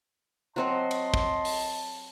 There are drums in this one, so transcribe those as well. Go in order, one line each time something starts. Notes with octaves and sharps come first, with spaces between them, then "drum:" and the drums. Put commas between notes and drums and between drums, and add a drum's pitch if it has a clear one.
F#3 C4 F#4 D#5 A5 C6
drum: cymbal
drum: kick
drum: open hi-hat